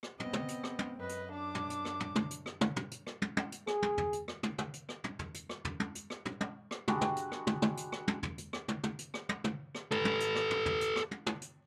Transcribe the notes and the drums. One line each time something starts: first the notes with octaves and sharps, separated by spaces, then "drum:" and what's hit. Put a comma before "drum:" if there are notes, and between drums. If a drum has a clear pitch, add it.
drum: rim click
B3 C4 D#5, drum: tom
drum: tom
drum: hi-hat
drum: rim click
drum: tom
F#2 B4 D#5
drum: hi-hat
D4 D6
drum: tom
drum: hi-hat
drum: rim click
drum: tom
drum: tom
drum: hi-hat
drum: rim click
drum: tom
drum: tom
drum: hi-hat
drum: rim click
drum: tom
drum: tom
drum: hi-hat
G#4, drum: rim click
drum: tom
drum: tom
drum: hi-hat
drum: rim click
drum: tom
drum: tom
drum: hi-hat
drum: rim click
drum: tom
drum: tom
drum: hi-hat
drum: rim click
drum: tom
drum: tom
drum: hi-hat
drum: rim click
drum: tom
drum: tom
drum: rim click
G3 G#3 D4 F#4, drum: tom
drum: tom
drum: hi-hat
drum: rim click
drum: tom
drum: tom
drum: hi-hat
drum: rim click
drum: tom
drum: tom
drum: hi-hat
drum: rim click
drum: tom
drum: tom
drum: hi-hat
drum: rim click
drum: tom
drum: tom
drum: rim click
A4 B4, drum: tom
drum: tom
drum: hi-hat
drum: rim click
drum: tom
drum: tom
drum: hi-hat
drum: rim click
drum: tom
drum: tom
drum: hi-hat